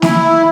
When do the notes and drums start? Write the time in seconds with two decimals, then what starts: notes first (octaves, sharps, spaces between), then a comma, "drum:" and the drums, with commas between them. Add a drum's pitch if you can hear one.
0.02 E4, drum: snare